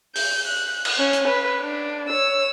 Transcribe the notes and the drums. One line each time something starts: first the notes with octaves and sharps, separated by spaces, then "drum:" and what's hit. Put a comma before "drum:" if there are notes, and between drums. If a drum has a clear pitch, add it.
G6, drum: open hi-hat
F#6
drum: cymbal
C#4
drum: hi-hat
B4
D4
C#5 E6